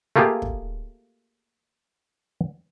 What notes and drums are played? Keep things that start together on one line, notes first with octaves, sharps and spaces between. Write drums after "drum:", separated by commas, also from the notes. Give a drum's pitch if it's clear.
A3 A#3 F4 G4 G#4
drum: kick